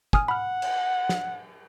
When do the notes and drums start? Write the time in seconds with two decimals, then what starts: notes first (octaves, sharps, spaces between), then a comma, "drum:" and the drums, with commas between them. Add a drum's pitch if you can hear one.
0.13 G#5 D#6 F6, drum: kick
0.28 F#5 B5 F6
0.62 drum: cymbal
1.09 drum: snare